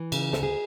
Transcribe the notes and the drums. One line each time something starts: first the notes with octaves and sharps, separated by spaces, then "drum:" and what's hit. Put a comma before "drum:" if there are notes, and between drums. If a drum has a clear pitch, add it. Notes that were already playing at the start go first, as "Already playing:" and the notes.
Already playing: E3
C#3, drum: cymbal
D2 A4, drum: snare
G#4